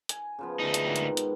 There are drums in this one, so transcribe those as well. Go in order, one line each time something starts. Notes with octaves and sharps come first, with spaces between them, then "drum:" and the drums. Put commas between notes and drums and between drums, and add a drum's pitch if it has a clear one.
G#5, drum: hi-hat
C#3 F3 B3
D2 D#4
drum: hi-hat
G#2 B2 D#3
drum: hi-hat
drum: hi-hat